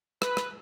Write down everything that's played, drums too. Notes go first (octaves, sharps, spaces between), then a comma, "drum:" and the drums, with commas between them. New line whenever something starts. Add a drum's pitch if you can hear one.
B4, drum: rim click
drum: rim click